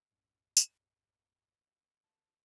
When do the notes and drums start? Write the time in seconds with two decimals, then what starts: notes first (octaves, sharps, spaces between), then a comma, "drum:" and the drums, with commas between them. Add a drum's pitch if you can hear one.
0.10 B1 F#2 A2
0.57 drum: tambourine
2.04 A5